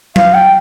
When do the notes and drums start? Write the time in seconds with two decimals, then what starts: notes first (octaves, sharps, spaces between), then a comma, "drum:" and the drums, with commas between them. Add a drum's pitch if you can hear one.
0.16 F5, drum: tom F#3
0.34 G5